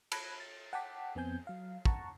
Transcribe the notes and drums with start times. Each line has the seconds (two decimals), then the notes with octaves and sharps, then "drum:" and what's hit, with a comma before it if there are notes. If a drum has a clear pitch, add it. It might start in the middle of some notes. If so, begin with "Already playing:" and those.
0.12 A5 B5 F#6 G#6 A#6, drum: cymbal
0.40 A6
0.73 F#5 G5 A5 D6 B6
1.15 F2 B3 C4 G#5 G6
1.47 F#3 F5
1.85 F#5 A5 A#5 C#6, drum: kick